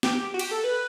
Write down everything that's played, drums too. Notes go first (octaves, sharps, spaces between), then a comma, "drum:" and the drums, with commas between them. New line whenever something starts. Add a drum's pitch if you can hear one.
G4, drum: snare
G4
F#4
G4, drum: cymbal
A4
B4